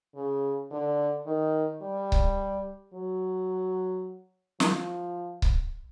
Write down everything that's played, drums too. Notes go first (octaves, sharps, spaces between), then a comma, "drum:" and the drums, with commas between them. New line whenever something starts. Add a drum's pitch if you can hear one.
C#3
D3
D#3
G3
drum: kick C#1
F#3
F3, drum: snare
drum: kick C#1